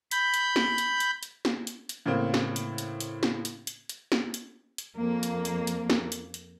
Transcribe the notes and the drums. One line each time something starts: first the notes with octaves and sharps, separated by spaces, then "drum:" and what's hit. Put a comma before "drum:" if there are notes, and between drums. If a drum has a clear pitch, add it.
B5 G6, drum: hi-hat
drum: hi-hat
drum: snare
drum: hi-hat
drum: hi-hat
drum: hi-hat
drum: snare
drum: hi-hat
drum: hi-hat
A2 C#3 A#3 C4
drum: snare
drum: hi-hat
drum: hi-hat
drum: hi-hat
drum: snare
drum: hi-hat
drum: hi-hat
drum: hi-hat
drum: snare
drum: hi-hat
drum: hi-hat
F2 A#3
drum: hi-hat
drum: hi-hat
drum: hi-hat
drum: snare
drum: hi-hat
drum: hi-hat